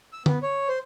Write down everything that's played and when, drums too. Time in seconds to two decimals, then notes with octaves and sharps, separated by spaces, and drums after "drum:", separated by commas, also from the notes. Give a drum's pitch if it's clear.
0.13 E6
0.26 B3, drum: tom
0.43 C#5
0.69 C5